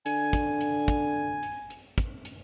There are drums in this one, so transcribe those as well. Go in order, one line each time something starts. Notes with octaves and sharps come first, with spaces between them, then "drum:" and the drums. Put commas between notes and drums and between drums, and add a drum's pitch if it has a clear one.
D3 G#5, drum: hi-hat
drum: kick, hi-hat
drum: hi-hat
drum: kick, hi-hat
drum: hi-hat
drum: hi-hat
drum: kick, hi-hat
drum: hi-hat